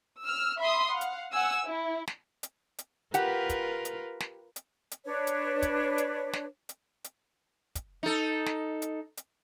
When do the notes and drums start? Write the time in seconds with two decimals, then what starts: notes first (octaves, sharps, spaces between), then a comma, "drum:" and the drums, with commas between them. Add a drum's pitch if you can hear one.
0.23 E6 F6
0.59 E5 B5 C6 D#6
0.92 F5 F#5
1.01 drum: hi-hat
1.31 F#5 G#5 E6
1.65 E4
2.07 drum: snare
2.43 drum: hi-hat
2.78 drum: hi-hat
3.14 F4 G4 A#4 B4 F#5, drum: hi-hat
3.49 drum: kick, hi-hat
3.85 drum: hi-hat
4.20 drum: snare
4.56 drum: hi-hat
4.91 drum: hi-hat
5.05 D4 B4 C#5
5.27 drum: hi-hat
5.62 drum: kick, hi-hat
5.98 drum: hi-hat
6.33 drum: snare
6.69 drum: hi-hat
7.04 drum: hi-hat
7.75 drum: kick, hi-hat
8.03 D#4 A4
8.46 drum: snare
8.82 drum: hi-hat
9.17 drum: hi-hat